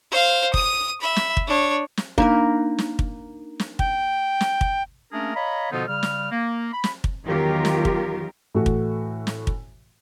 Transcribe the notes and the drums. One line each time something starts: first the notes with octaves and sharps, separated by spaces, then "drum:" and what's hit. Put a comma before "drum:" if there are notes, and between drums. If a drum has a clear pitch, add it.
C5 F5
D#6 D#7, drum: kick
E5 B5
drum: snare
drum: kick
D4 C#5
drum: snare
A#3 D4 D#4 A#4, drum: kick
drum: snare
drum: kick
drum: snare
G5, drum: kick
drum: snare
drum: kick
A3 A#3 C#4 D4 G#4 A#4
C#5 D#5 F5 A#5 B5
B2 D3 F3 B3 D#4 F4
C#3 G3 F6
drum: snare
A#3
B5
drum: snare
drum: kick
E2 D#3 F#3 F4 G4 A#4
drum: snare
drum: kick
A2 E3 A3 F#4
drum: kick
drum: snare
drum: kick